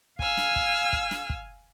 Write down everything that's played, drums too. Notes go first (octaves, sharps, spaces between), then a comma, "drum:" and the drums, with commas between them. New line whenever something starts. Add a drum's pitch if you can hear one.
F5 G#5 E6 F6, drum: kick
drum: snare
drum: kick
drum: kick
drum: snare
drum: kick